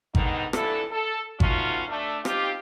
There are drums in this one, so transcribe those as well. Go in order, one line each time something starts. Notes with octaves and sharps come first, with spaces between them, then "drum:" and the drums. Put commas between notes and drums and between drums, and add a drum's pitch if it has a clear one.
G#2 D3 D#3 B3 D#4, drum: kick G#1
F2 E3 D4 E4 A4, drum: rim click
A4
A3 B3 C#4 D#4 F4 F#4, drum: kick G#1
A3 D4
C4 D#4 F4 G4, drum: rim click